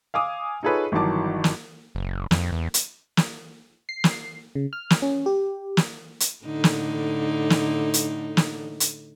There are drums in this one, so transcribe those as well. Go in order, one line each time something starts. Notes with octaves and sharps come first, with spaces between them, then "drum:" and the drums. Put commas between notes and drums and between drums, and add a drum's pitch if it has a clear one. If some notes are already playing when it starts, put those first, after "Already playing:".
F5 G#5 D6 D#6
D#4 F4 G#4 A4 B4 C#5
G1 D#3 E3 F#3 A5 D6
drum: snare
F#1
F2, drum: snare
E2
drum: hi-hat
drum: snare
C7
drum: snare
C#3
F6
drum: snare
C#4
G4
drum: snare
drum: hi-hat
A2 D3 D#4
drum: snare
drum: snare
drum: hi-hat
drum: snare
drum: hi-hat